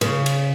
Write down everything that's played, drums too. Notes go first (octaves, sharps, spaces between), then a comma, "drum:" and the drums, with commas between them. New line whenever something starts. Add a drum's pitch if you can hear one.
C#3, drum: cymbal
drum: cymbal